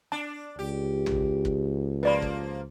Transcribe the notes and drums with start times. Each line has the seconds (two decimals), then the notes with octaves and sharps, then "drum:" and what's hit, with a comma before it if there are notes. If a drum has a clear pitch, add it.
0.12 D4 A5
0.59 C#2 G4
1.06 drum: tom
1.45 drum: kick
2.03 F3 A#3 B4 D5 B5
2.22 drum: kick